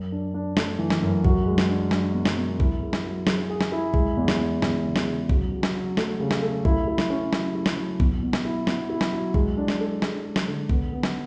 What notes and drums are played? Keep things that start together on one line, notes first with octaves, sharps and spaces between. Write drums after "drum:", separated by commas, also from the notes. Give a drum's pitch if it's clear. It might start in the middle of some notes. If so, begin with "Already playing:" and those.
Already playing: F#2
D4
D4
A3, drum: snare
E3
drum: snare
F#2
F#4, drum: kick A#1
G#3
drum: snare
D4
D4, drum: snare
B2
drum: snare
B2
E4, drum: kick A#1
G#4
drum: snare
F#3
G#4, drum: snare
G#4
drum: snare
E4
G#3, drum: kick A#1
E2
drum: snare
E2
E2, drum: snare
C#3
drum: snare
C#3
F#3, drum: kick A#1
F#3
drum: snare
F#3
A3, drum: snare
C#3
drum: snare
A3
E4, drum: kick A#1
E4
drum: snare
C#4
F#3, drum: snare
E4
drum: snare
F#3
B2, drum: kick A#1
B2
drum: snare
E4
B2, drum: snare
E4
drum: snare
F#3
G#3, drum: kick A#1
D4
drum: snare
A4
G#3, drum: snare
G#3
drum: snare
D3
B3, drum: kick A#1
B3
drum: snare